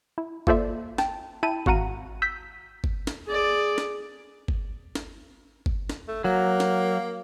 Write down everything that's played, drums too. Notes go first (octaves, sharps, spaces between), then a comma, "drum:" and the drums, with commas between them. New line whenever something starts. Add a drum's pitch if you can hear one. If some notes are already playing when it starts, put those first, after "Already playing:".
E4
A#3 F4 A4 C5 D5 E5, drum: kick G1
G5 A5, drum: snare
E4 G5 A5 B5 D#7
G#1 F#4 F5 F#5 A#5 D#7, drum: kick G1
E6 G6 B6
drum: kick G1
drum: snare
G#4 D5
drum: snare
drum: kick G1
drum: snare
drum: kick G1
drum: snare
A3
F#3 A#3
drum: snare